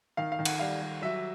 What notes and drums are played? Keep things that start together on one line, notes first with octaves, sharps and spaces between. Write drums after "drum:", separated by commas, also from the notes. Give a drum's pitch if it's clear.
D#3 F5
F5
D#3
F#5, drum: cymbal
G3 F5
G3
F#3 E5